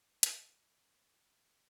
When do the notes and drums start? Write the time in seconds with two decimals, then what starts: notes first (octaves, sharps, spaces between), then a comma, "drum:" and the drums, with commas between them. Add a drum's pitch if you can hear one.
0.23 F#4 A#4 G#5, drum: hi-hat
1.07 C#4 G#4